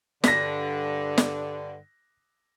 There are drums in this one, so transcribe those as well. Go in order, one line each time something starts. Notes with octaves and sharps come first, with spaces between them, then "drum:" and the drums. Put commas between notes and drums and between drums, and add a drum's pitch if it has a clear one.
G2 D3 A#6 B6, drum: snare
drum: snare